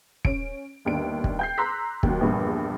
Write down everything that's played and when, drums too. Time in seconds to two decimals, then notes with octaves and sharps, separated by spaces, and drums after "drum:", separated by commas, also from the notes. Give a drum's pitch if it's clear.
0.25 C#4 D7, drum: kick
0.85 G1 D#2 D4 D7
1.24 drum: kick
1.39 G5 G6 C7
1.58 A#5 C6 D6 E6 F#6 B6
2.03 D#2 F#3, drum: kick
2.21 A#1 E2 G2 A#2